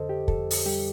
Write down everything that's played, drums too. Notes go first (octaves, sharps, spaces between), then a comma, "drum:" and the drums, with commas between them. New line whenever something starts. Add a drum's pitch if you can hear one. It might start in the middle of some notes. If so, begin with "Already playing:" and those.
Already playing: F2 D3 A4 C5 D#5
G4
F2 A4, drum: kick
drum: open hi-hat
G3 G4